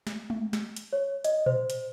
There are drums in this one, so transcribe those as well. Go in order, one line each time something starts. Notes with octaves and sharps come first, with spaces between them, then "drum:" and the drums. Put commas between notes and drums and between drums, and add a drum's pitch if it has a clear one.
drum: snare
drum: tom G#3
drum: snare
drum: hi-hat
C#5
D#5, drum: hi-hat
C5, drum: tom A#2
drum: hi-hat